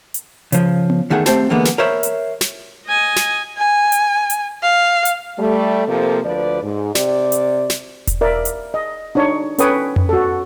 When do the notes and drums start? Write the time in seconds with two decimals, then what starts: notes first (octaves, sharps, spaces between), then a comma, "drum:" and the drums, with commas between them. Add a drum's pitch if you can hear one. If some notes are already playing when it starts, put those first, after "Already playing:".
0.14 drum: hi-hat
0.52 C#3 F3, drum: hi-hat
0.90 drum: tom B3
1.10 E2 D#3 A3 G#4 F#5
1.26 A3 C4 G4 C5 A5, drum: snare
1.50 D3 E3 G#3 A#3 B3
1.65 drum: snare
1.78 A#4 C5 C#5 E5 B5
2.03 drum: hi-hat
2.41 drum: snare
2.87 D#5 G#5
3.16 drum: snare
3.58 G#5
3.92 drum: hi-hat
4.30 drum: hi-hat
4.63 F5
5.05 drum: hi-hat
5.38 G3 A3
5.87 C3 F3 A#3 A4 A#4
6.24 D2 F3 B4 D5
6.62 G#2
6.95 C3 G4 D5, drum: snare
7.32 drum: hi-hat
7.70 drum: snare
8.07 drum: kick E1, hi-hat
8.21 A#4 D5 E5
8.45 drum: hi-hat
8.74 D#5
9.15 D4 D#4 C#5
9.58 C#4 A4 B4 C#5 G5 D#6, drum: hi-hat
9.96 drum: tom F2
10.09 F#4 A4